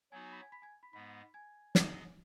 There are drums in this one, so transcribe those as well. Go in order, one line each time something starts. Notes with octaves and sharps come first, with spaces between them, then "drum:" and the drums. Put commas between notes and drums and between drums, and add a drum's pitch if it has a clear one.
F#3 B3 D#4 F#4 G#5 G#6
G#5 G#6
B5 B6
G#5 G#6
B5 B6
G#5 G#6
B5 B6
G#2 G#3 B3 B5 B6
G#5 G#6
F#3 B3 G#4 D#5, drum: snare